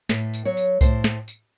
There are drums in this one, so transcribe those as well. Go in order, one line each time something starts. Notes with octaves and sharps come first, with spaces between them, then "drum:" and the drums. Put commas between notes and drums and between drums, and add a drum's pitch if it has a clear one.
A2 B4, drum: snare
drum: tambourine
F#3 C#5
drum: tambourine
A2 C5, drum: kick C2, tambourine
drum: snare
drum: tambourine